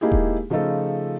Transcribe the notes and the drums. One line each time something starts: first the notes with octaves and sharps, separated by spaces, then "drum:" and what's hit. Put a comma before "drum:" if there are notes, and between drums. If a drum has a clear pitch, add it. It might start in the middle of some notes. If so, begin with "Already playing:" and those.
G#3 A#3 D#4 E4 G4 G#4
drum: kick D#1
C#3 F3 A3 D#4 F4 A4